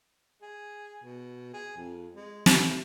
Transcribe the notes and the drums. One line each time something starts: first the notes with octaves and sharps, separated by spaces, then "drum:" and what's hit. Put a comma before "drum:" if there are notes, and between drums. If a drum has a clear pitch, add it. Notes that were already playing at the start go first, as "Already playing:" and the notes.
G#4
B2
G#4
F2
G#3
A3, drum: snare